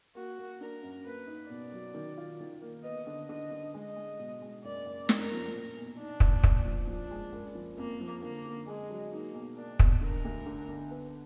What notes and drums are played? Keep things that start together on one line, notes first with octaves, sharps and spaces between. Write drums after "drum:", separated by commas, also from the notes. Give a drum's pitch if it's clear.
A#3 F#4
A#3
D4 A#4
F#2
A#3 B4
D#4
B2 D5
F#3
D#3
F4
D#3
A#3
B3 D#5
D3
D3 D#5
D3
G#3 D#5
G#3
B2
G#3
F#1 D5
F#1
F2 A#4, drum: snare
F3
A#2
B1
D4 D#4
A#2, drum: kick
A#2, drum: kick
F3
F3 D4
G#3
F#1
F3
F2 A#3
F3
D3 A#3
D3
G#3 G#4
F#3
A#3 D#4
B1
A#3 D4
B1, drum: kick
D3 A#4
D2
D3
D3
B3